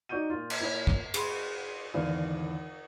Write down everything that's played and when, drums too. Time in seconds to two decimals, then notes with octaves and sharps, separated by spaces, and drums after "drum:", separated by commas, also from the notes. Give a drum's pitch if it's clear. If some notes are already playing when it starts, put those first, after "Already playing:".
0.09 D#4 F#4 D5 C#6 G6 D#7
0.30 A#2 F4
0.50 drum: cymbal
0.60 A#2 E4 C#5
0.87 drum: kick
1.14 G#4 B5 C6, drum: cymbal
1.94 G#1 E2 D3 D5 F5